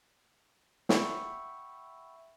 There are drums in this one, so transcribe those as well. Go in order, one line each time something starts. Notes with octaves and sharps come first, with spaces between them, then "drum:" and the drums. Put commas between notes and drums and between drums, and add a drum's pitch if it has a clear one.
E5 F#5 G5 B5 C#6 E6, drum: snare